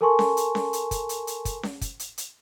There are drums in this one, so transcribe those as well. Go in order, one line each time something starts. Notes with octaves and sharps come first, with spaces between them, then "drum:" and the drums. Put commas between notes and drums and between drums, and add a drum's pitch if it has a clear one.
A4 A#4 G#5 A5 C6 C#6
drum: snare C#4
drum: hi-hat
drum: snare C#4
drum: hi-hat
drum: kick, hi-hat
drum: hi-hat
drum: hi-hat
drum: kick, hi-hat
drum: snare C#4
drum: kick, hi-hat
drum: hi-hat
drum: hi-hat